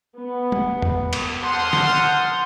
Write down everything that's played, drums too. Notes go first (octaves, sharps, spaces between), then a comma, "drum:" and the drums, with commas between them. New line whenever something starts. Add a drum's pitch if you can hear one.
B3
drum: tom
drum: tom E2
drum: cymbal
F#5 A5 C6 D#6 F6 G6
drum: snare